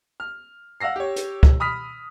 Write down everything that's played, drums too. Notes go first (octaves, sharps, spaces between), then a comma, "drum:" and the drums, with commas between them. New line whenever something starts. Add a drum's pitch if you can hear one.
F6
F5 F#5 E6 A#6 C7
G4 C#5
drum: hi-hat
drum: kick
B5 D#6 F6 B6